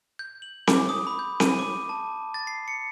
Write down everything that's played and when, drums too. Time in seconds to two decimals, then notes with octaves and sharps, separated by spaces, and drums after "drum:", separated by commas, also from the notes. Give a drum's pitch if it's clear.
0.19 G6
0.42 F#7
0.67 D6, drum: snare C4
0.89 D#6
1.07 B5
1.19 G6
1.40 D#7, drum: snare C4
1.59 D6
1.89 A5
2.34 A6
2.47 C7
2.68 C#7